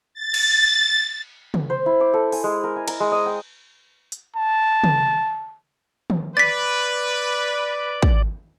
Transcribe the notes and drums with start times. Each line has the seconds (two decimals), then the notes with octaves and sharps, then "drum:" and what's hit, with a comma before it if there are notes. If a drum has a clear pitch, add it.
0.14 A6
0.34 drum: cymbal
1.54 drum: tom
1.70 C5
1.86 E4
2.01 D6
2.14 A4
2.32 G#5, drum: open hi-hat
2.44 G#3
2.64 A#4
2.76 G#5
2.88 A#5, drum: cymbal
3.00 G#3
3.12 D#5
3.26 G5
4.12 drum: hi-hat
4.36 A5
4.84 drum: tom
6.10 drum: tom
6.37 B4 D5 A6 B6
8.02 drum: kick